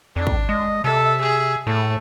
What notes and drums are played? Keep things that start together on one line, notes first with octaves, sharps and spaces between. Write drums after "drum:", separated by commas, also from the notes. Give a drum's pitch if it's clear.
F2 D4
drum: kick
G#3 D#5
C3 A4 E5
G#4
A2 A3